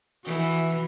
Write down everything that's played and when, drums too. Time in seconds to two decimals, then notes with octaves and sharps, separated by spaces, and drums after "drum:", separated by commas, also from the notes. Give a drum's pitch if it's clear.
0.25 E3 F#4, drum: open hi-hat